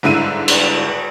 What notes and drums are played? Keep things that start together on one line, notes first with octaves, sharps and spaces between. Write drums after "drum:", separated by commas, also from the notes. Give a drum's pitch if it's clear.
G1 G#2 D3 E4 E6 D#7
drum: cymbal